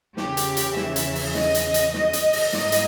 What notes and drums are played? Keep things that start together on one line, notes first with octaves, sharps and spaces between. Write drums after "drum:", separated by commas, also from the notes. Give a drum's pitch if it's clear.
E2 C#3 E3 G4, drum: snare
drum: hi-hat
drum: hi-hat
E5, drum: snare
drum: hi-hat
drum: open hi-hat
D#5, drum: snare
drum: hi-hat
drum: hi-hat
D#5, drum: snare
drum: hi-hat
drum: open hi-hat
G#2 G3 A#3 E4 D#5, drum: snare
drum: hi-hat